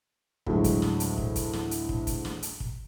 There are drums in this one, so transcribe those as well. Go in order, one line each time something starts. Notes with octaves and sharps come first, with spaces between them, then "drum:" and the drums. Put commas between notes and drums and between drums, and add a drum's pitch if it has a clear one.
D2 A2 F#3 G#3, drum: kick
drum: kick, hi-hat
drum: snare
drum: hi-hat
drum: kick
drum: kick, hi-hat
drum: snare
drum: hi-hat
drum: kick
drum: kick, hi-hat
drum: snare
drum: hi-hat
drum: kick